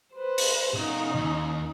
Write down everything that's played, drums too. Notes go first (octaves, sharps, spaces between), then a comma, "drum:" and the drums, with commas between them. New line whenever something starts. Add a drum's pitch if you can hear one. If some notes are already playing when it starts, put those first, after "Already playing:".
B4 C5
drum: open hi-hat
B2 C#4 D#4 F5
D#2